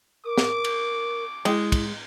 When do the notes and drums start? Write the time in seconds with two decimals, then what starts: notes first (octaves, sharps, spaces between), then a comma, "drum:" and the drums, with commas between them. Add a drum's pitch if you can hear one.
0.25 A#4 D6
0.38 drum: snare
0.64 drum: cymbal
1.45 G#3 E4, drum: cymbal
1.72 drum: kick, cymbal